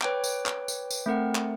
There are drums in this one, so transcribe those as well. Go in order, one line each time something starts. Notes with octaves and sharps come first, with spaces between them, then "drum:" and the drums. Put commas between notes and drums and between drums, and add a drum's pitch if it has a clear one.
B4 C#5 G5 D6 D7, drum: clap
drum: tambourine
drum: clap
drum: tambourine
drum: tambourine
A3 C4 A#4 F#5
drum: clap